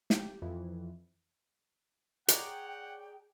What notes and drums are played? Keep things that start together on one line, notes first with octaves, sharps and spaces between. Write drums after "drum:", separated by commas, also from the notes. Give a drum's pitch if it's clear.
G4, drum: snare
F2 E3 F3
G#4 C#5 D5 F#5 G5 A#5, drum: hi-hat